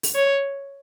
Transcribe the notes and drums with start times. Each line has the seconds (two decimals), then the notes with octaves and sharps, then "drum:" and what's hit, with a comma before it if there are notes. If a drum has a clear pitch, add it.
0.03 drum: open hi-hat
0.15 C#5